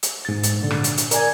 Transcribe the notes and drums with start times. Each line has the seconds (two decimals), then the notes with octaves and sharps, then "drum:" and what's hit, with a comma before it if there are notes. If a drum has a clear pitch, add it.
0.03 drum: hi-hat
0.25 G#2 A6
0.43 drum: hi-hat
0.61 A#2 D3
0.71 drum: rim click
0.84 drum: hi-hat
0.98 drum: hi-hat
1.11 A#4 D5 G#5 G#6, drum: hi-hat